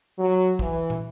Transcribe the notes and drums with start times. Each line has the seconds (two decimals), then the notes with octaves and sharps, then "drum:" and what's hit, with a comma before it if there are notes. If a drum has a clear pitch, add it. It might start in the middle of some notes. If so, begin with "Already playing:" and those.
0.18 F#3
0.59 E3, drum: kick
0.90 drum: tom